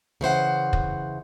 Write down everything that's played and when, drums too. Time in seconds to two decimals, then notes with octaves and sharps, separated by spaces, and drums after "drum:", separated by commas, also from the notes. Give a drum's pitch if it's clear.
0.21 C#3 E3 C5 F#5
0.73 drum: kick